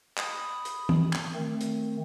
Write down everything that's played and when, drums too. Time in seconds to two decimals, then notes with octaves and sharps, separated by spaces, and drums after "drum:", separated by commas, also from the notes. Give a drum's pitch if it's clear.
0.18 B5 D#6, drum: clap
0.65 drum: hi-hat
0.89 drum: tom
1.13 drum: clap
1.35 D#3 A3 C4
1.61 drum: hi-hat